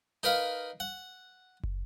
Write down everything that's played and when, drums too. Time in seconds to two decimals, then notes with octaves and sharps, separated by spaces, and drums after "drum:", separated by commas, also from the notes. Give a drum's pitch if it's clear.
0.23 D#4 A#4 B4 F5
0.80 F#5
1.63 drum: kick